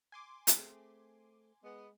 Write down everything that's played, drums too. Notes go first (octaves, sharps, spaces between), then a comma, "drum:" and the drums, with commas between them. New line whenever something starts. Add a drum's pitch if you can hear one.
G#5 C6 D6
drum: hi-hat
A3 C4 G#4
G#3 B3